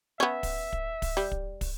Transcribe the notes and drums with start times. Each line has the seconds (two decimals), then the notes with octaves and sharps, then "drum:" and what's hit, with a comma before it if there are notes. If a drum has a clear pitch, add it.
0.20 B3 C#4 E5
0.43 drum: kick, open hi-hat
0.73 drum: kick
1.02 drum: kick, open hi-hat
1.17 G3
1.32 drum: kick
1.61 drum: kick, open hi-hat